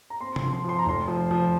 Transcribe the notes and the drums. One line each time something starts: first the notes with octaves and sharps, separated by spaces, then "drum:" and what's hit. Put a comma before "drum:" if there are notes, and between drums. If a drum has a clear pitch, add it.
A#5
C4 C6
C6, drum: tom C3
F3
C6
F3 C6
A#5
F1 C6
F3
F3